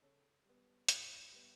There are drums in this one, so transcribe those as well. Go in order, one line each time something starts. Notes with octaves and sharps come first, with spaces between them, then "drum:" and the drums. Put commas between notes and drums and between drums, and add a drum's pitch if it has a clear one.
C#3 A4 C#5
G3 B3
A2, drum: hi-hat
G3 B3